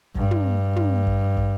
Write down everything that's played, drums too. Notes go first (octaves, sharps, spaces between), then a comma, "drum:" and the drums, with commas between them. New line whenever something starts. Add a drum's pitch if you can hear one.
G2, drum: kick
drum: tom
drum: tom
drum: kick
drum: kick